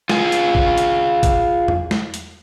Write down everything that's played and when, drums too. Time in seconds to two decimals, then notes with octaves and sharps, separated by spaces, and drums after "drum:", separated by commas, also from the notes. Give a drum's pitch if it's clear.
0.10 F4 G#4, drum: snare
0.32 drum: hi-hat
0.55 drum: kick A#1
0.78 drum: hi-hat
1.23 drum: kick A#1, hi-hat
1.68 drum: tom E2
1.91 drum: snare
2.14 drum: hi-hat